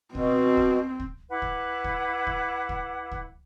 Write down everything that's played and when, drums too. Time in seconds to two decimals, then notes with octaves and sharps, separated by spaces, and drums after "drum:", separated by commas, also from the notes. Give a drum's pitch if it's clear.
0.15 B2 C4, drum: kick C#2
0.57 drum: kick C#2
1.00 drum: kick C#2
1.29 E4 B4 F#5 D6
1.42 drum: kick C#2
1.84 drum: kick C#2
2.27 drum: kick C#2
2.69 drum: kick C#2
3.12 drum: kick C#2